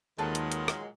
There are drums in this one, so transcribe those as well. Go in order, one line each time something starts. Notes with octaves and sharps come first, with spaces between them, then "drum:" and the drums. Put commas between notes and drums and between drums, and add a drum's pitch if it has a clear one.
D#2 A#2 D#3 F#3 G#3 A4 B4 A5
drum: hi-hat
drum: hi-hat
drum: rim click